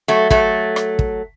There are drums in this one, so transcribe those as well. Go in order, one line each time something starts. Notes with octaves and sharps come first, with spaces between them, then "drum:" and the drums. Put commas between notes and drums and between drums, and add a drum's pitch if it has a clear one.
F#3 A3
F#3 A3, drum: kick
drum: rim click
drum: kick